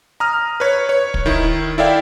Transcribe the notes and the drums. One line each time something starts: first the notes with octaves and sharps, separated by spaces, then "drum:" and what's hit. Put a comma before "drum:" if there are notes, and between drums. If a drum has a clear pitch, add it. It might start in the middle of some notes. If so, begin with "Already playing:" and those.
A#5 D#6 F6
B4 C#5
C#5
drum: kick
D#3 E4
E4 A4 D5 E5 F5 G5